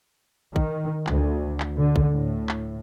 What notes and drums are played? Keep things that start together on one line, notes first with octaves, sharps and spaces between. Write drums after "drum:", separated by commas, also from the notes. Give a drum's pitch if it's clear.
D#3, drum: kick
D2, drum: clap
drum: clap
D3
drum: kick
A2
drum: clap